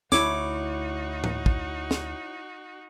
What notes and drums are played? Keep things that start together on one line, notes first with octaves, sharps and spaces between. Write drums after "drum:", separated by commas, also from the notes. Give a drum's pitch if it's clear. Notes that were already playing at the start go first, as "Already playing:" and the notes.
D2 D#4 E4 F#4 C#5 D6, drum: snare
drum: tom
drum: kick
drum: snare